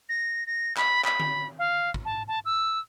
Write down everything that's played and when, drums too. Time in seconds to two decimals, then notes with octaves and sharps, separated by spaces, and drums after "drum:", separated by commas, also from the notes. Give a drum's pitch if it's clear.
0.09 A#6
0.47 A#6
0.77 B5, drum: clap
1.05 B5, drum: clap
1.20 drum: tom D3
1.59 F5
1.94 drum: kick
2.05 A5
2.28 A5
2.45 E6